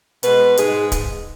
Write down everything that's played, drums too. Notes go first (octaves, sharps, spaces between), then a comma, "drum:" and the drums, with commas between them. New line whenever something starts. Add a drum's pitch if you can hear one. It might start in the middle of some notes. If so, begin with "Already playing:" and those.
B2 G#3 B4, drum: hi-hat
G#2 G#3 G#4, drum: hi-hat
drum: kick D1, hi-hat